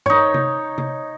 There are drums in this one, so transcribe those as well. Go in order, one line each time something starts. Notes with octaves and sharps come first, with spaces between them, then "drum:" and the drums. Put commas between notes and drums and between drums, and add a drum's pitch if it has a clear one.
D#4 C#5, drum: tom G2
drum: tom C3
drum: tom C3